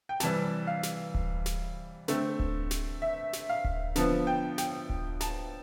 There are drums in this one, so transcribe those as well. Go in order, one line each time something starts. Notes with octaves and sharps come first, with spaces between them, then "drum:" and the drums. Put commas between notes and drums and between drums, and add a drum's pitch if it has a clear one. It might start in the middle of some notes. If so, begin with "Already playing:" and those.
G5
C3 E3 G3 A5, drum: snare
F5
drum: snare
drum: kick D1
drum: snare
D3 A3 C4, drum: snare
drum: kick D1
drum: snare
E5
drum: snare
F5
drum: kick D1
D3 F3 B3 A5, drum: snare
G5
G5, drum: snare
drum: kick D1
A5, drum: snare